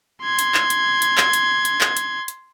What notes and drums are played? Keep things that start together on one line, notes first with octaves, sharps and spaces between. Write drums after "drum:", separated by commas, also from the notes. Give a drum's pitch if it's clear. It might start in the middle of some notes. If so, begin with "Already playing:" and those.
C6 G#6
drum: hi-hat
drum: clap
drum: hi-hat
drum: hi-hat
drum: clap
drum: hi-hat
drum: hi-hat
drum: clap
drum: hi-hat
drum: hi-hat